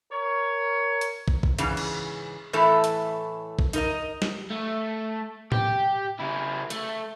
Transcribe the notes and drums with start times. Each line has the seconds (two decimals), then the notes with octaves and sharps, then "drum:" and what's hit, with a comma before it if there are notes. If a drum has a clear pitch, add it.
0.12 A#4 C#5
1.01 drum: hi-hat
1.28 drum: kick
1.43 drum: kick
1.59 G#2 C#3 E3, drum: hi-hat
1.77 drum: cymbal
2.53 A2 E3 A3 E4 A4
2.84 drum: hi-hat
3.59 drum: kick
3.73 D#4 A#4 D#5, drum: hi-hat
4.22 drum: snare
4.50 A3
5.52 G4, drum: tom A2
6.19 C#3 E4
6.70 A3, drum: hi-hat